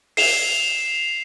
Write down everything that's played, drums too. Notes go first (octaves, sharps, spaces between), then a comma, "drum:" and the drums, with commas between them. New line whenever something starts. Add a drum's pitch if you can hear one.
C7 E7 F7, drum: open hi-hat